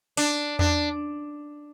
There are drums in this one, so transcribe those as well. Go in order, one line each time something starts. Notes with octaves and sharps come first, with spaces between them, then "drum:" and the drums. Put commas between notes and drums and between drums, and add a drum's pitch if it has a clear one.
D4, drum: open hi-hat
D4, drum: tom E2